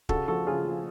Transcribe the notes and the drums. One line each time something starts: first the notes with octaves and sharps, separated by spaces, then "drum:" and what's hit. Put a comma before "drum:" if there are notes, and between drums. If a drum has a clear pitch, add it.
C#3 F#4 A4, drum: kick
F3 F#4 A4
C#3 F4 G#4
F3